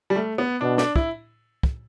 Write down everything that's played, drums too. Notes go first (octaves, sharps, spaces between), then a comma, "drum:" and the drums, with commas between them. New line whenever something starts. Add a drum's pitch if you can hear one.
G3
A3
B3
B2 D4
D4, drum: snare
E4, drum: kick
drum: kick